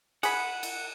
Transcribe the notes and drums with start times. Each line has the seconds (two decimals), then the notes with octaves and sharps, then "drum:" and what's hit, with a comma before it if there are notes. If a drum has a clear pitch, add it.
0.23 G#4 F#5 B5, drum: cymbal
0.63 drum: cymbal